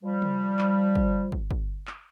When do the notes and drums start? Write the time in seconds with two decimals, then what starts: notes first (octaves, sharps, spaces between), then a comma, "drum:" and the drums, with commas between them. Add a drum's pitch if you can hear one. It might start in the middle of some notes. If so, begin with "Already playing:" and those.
0.04 F3 G3
0.22 drum: tom
0.59 drum: clap
0.95 drum: kick
1.32 drum: kick
1.51 drum: kick
1.87 drum: clap